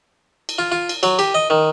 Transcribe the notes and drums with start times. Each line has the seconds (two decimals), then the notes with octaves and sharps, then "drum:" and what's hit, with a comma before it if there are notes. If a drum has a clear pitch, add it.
0.49 drum: cymbal
0.58 F4
0.72 F4
0.89 drum: cymbal
1.03 F#3, drum: cymbal
1.19 G4, drum: cymbal
1.35 D#5
1.50 D#3